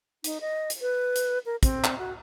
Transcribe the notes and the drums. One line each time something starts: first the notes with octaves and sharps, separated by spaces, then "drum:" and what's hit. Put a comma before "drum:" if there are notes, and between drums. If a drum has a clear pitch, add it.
D#4, drum: hi-hat
D#5
drum: hi-hat
B4
drum: hi-hat
A#4
C4, drum: kick, hi-hat
drum: clap
F#4